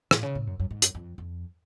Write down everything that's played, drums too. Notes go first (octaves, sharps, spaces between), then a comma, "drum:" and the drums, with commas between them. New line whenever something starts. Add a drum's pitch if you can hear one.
A2, drum: rim click
C#3
A2
F#2
F#2
G#2
F#2, drum: hi-hat
F2
F2